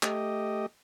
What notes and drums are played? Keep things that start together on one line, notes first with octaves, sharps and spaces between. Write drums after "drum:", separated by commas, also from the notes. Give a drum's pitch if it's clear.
A3 G4 D#5, drum: clap